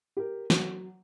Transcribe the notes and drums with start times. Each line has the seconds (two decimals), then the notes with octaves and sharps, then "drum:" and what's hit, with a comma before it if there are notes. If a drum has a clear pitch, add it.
0.17 G4 A#4
0.50 F#3, drum: snare